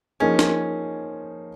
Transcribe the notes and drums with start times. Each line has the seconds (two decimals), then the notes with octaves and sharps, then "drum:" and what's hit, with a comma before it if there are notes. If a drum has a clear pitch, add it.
0.20 F3 A#3 C#4 D#4 G#4
0.39 drum: snare